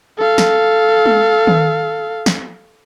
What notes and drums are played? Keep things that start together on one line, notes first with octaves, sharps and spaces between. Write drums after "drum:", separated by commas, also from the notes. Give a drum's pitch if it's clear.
A4 F5
drum: snare
drum: tom G#3
drum: tom D#3
drum: snare